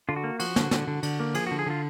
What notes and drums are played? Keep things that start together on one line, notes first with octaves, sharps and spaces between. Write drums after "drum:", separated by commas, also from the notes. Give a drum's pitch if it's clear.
D3 F4
F#4
A#3
F3 F#4, drum: cymbal
D3, drum: snare
D3, drum: snare
D3
D3, drum: cymbal
A#3
F3 G#4, drum: cymbal
D3 F#4
G#4
D3 F4